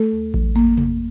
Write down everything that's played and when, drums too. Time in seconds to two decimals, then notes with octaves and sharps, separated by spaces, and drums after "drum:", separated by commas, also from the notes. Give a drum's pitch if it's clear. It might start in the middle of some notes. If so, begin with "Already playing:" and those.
Already playing: A3 A4
0.12 D#2
0.34 F#3, drum: kick A1
0.56 F2 A#3
0.77 F2, drum: tom C3